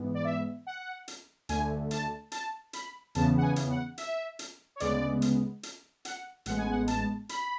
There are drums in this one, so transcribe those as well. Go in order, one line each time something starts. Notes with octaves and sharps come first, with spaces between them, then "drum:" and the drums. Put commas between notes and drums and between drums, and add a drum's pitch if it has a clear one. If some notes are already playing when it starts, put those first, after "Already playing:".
Already playing: G#2 E3 B3
D5
E5
F#5
drum: hi-hat
D2 D3 A3 G#5, drum: hi-hat
A5, drum: hi-hat
A5, drum: hi-hat
B5, drum: hi-hat
E2 C#3 E3 B3 A5, drum: hi-hat
F#5
G#5
drum: hi-hat
F#5
E5, drum: hi-hat
drum: hi-hat
C#5
D2 C#3 G#3 B3 D5, drum: hi-hat
drum: hi-hat
drum: hi-hat
F#5, drum: hi-hat
A1 A2 G#3 B3 F#5, drum: hi-hat
G#5
F#5
A5, drum: hi-hat
B5, drum: hi-hat